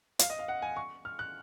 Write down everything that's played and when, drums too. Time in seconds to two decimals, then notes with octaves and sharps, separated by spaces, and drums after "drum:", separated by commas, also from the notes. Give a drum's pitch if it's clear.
0.19 F5, drum: hi-hat
0.30 D#5
0.39 F5
0.48 F#5
0.62 G#5
0.76 C#6
1.05 F6
1.19 F#6